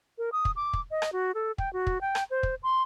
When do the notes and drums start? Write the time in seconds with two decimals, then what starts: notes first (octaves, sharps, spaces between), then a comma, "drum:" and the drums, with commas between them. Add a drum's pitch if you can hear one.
0.18 A#4
0.32 D#6
0.45 drum: kick
0.56 D6
0.73 drum: kick
0.91 D#5
1.02 drum: rim click
1.12 F#4
1.35 A4
1.58 G5, drum: kick
1.73 F#4
1.87 drum: kick
2.01 G5
2.15 drum: rim click
2.31 C5
2.43 drum: kick
2.63 C6